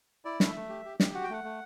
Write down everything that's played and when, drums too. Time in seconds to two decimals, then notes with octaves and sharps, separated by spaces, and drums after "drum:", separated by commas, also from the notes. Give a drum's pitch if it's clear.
0.25 E4 D5
0.40 A3, drum: snare
0.47 E5
0.56 A3
0.69 G4
0.85 G4
1.00 G4, drum: snare
1.15 F#4 F#5
1.24 G5
1.30 A3 F#5
1.44 A3